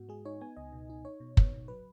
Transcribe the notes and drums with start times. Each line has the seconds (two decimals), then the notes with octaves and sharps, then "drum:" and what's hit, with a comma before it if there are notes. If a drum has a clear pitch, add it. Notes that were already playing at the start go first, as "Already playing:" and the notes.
Already playing: G#2 B3 F#4
0.09 G#3 G#4
0.25 D#4 C#5
0.41 B3 G#5
0.56 C#2 D#5
0.73 B2
0.90 D#4
1.05 D#4 C#5
1.20 B2
1.37 B3, drum: kick
1.53 B2
1.68 F#3 B4